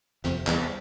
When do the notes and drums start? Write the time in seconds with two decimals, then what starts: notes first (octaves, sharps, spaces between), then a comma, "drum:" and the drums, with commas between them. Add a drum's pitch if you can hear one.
0.24 F2 C3, drum: snare
0.47 E2 G3, drum: clap